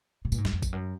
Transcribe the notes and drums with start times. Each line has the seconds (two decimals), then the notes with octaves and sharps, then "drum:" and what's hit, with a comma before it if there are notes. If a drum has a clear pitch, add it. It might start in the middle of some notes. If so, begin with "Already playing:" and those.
0.25 B2
0.32 A#2, drum: tambourine
0.38 G#2
0.45 F#2, drum: snare
0.53 F2
0.62 drum: kick A1, tambourine
0.73 F#2